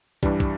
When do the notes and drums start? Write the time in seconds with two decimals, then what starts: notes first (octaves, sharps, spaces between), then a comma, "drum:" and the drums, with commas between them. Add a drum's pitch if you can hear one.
0.23 G2 E3 G3 D4, drum: kick, hi-hat
0.40 drum: kick, hi-hat